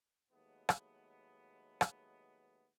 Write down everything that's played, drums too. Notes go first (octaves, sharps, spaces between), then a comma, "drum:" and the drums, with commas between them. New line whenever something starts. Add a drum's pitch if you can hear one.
D#2 F#3 G#3 A3 B3
drum: rim click
drum: rim click